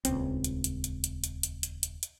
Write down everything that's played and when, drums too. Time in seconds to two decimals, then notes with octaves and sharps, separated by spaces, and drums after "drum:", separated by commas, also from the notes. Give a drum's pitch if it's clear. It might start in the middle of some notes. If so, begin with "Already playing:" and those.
0.05 D#1 C#2 C4, drum: hi-hat
0.44 drum: hi-hat
0.64 drum: hi-hat
0.84 drum: hi-hat
1.04 drum: hi-hat
1.24 drum: hi-hat
1.43 drum: hi-hat
1.63 drum: hi-hat
1.83 drum: hi-hat
2.03 drum: hi-hat